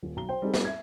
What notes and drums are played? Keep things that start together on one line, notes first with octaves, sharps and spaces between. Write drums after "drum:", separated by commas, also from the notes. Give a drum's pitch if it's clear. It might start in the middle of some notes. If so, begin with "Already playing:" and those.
D#1
B1 A#5 G7
C5 G5
G3 C4 D#4 G#4 A4
drum: snare
E5 G#6